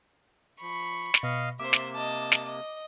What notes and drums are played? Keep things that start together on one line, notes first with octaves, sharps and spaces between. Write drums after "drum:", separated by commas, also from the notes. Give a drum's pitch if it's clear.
F3 B5 C#6
drum: snare
B2 D#5 F5
C3 A#3 C5 E5 D6
drum: snare
D#5 A5
drum: snare
D#5